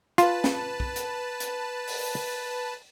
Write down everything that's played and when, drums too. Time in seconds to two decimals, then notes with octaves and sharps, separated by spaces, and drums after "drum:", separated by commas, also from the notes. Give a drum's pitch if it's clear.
0.18 F4 B4 A5, drum: hi-hat
0.44 drum: snare
0.80 drum: kick
0.96 drum: hi-hat
1.40 drum: hi-hat
1.88 drum: open hi-hat